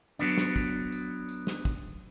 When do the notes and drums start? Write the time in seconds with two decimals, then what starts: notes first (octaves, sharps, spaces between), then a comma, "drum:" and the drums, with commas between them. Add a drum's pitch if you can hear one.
0.19 F#3 B3 D4, drum: tambourine
0.38 drum: snare
0.56 drum: kick, tambourine
0.92 drum: tambourine
1.29 drum: tambourine
1.47 drum: snare
1.65 drum: kick, tambourine